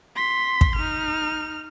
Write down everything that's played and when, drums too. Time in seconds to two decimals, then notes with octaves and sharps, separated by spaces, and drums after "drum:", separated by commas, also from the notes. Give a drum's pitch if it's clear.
0.16 C6 B6
0.61 drum: kick
0.76 D#4 F6